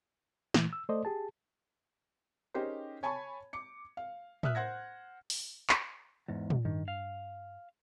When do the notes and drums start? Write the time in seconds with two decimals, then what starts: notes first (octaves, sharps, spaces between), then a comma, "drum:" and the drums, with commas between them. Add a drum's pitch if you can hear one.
0.54 A#2 E3 A3, drum: snare
0.73 E6
0.89 A3 A4 C5 D5 D#5
1.05 G4 G#4 A5
2.54 C#4 D#4 G4 G#4 A#4 C5
3.03 C#5 G#5 A5 B5 C#6
3.53 D6 C#7
3.97 F5
4.43 E5 D#6 F6 F#6, drum: tom
4.55 C5 F#5 G#6 A#6
5.30 drum: open hi-hat
5.69 drum: clap
6.28 E2 G#2
6.50 drum: tom
6.65 G2 D#3
6.88 F5